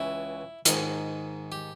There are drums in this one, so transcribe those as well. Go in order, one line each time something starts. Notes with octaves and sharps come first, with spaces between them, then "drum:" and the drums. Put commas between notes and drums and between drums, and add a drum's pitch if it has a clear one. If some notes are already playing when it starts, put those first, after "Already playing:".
Already playing: C#2 C#3 E3 E4
G#2 D#3, drum: hi-hat
G4